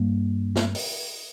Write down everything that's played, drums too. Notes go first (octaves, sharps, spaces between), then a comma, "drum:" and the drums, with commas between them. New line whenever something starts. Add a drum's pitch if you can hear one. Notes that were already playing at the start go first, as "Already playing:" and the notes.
Already playing: G2 G3 A#3
drum: snare
drum: open hi-hat